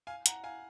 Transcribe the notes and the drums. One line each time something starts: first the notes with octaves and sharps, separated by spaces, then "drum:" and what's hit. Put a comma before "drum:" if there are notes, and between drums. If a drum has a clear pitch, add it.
F5 G#5
F#5 A#5, drum: hi-hat
F5 G#5